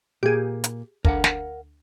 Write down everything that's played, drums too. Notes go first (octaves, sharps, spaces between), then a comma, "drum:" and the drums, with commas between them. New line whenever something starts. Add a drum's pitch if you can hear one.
A#2 A#3 G4 G#4
drum: hi-hat
D2 A#4 F5 F#5, drum: kick
drum: snare